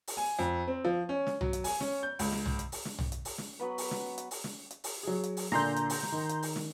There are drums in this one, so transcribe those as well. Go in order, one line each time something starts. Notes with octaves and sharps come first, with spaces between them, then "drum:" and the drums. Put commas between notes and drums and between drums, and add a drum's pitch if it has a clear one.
drum: open hi-hat
G#5
F2
C4
F3
C#4
drum: snare
F#3, drum: tom
drum: hi-hat
G#5, drum: open hi-hat
C#4, drum: snare
G6
C#2, drum: open hi-hat
drum: snare
drum: tom
drum: hi-hat
drum: open hi-hat
drum: snare
drum: tom
drum: hi-hat
drum: open hi-hat
drum: snare
F#3 B3 B4
drum: open hi-hat
drum: snare
drum: hi-hat
drum: open hi-hat
drum: snare
drum: hi-hat
drum: open hi-hat
F#3 G#4
drum: hi-hat
drum: open hi-hat
A#2 D3 D4 A#5 C6 G6, drum: snare
drum: hi-hat
drum: open hi-hat
drum: snare
D#3
drum: hi-hat
drum: open hi-hat
drum: snare